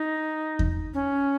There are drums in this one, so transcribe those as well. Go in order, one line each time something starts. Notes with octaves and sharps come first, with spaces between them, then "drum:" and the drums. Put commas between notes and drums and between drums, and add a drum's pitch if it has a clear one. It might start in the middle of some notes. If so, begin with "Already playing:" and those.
Already playing: D#4
drum: kick E2
C#4